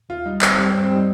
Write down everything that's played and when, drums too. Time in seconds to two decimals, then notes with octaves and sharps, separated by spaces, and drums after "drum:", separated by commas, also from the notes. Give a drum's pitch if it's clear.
0.09 D#2 F4
0.26 G3 D#4
0.42 D#2 C4, drum: clap
0.58 G3 C4
0.70 G2 C4
0.84 C4
0.91 G3 D#4